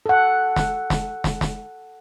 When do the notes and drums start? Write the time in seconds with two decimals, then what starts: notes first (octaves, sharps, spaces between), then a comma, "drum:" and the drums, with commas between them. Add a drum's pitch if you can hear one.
0.06 A4 F#5
0.56 drum: snare
0.90 drum: snare
1.24 drum: snare
1.41 drum: snare